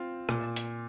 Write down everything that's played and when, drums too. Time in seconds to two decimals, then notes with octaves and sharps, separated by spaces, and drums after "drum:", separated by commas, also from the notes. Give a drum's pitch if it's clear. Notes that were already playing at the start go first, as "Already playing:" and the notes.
Already playing: C4 F4
0.29 A#2, drum: rim click
0.56 drum: hi-hat